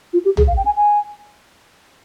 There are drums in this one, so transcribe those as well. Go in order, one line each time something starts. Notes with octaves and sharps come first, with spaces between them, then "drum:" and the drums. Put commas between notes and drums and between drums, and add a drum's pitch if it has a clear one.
F4
G4
G#4, drum: tom
F5
G5
G#5
G#5